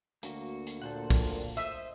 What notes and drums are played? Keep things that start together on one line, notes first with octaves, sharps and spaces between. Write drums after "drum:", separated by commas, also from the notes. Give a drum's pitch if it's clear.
D2 A#3 F#4, drum: hi-hat
drum: hi-hat
A#2 A4 C5 F#5
drum: kick, open hi-hat
C5 D#5 E5, drum: hi-hat